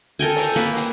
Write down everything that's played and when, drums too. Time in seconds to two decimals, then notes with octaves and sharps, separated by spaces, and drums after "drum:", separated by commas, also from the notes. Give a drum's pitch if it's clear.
0.19 A4 A#4 G5 G#5
0.36 drum: open hi-hat
0.56 A#3 B4, drum: hi-hat
0.76 drum: hi-hat